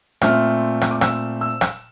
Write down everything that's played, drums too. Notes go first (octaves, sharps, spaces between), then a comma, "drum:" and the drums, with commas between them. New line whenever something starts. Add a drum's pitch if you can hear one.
A#2 A3 C4 F6, drum: rim click
drum: rim click
D6
E6, drum: rim click
E6
drum: rim click